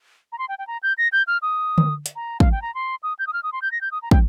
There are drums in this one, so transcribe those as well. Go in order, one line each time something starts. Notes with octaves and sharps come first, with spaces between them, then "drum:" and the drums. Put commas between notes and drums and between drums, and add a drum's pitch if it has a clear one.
A#5
C6
G5
G5
A#5
G6
A#6
G6
F6
D#6
drum: tom D3
drum: hi-hat
A#5
F5, drum: kick
G5
A#5
C6
D#6
G6
D#6
F6
D#6
C6
G6
A#6
G6
D#6
A#5
G5, drum: kick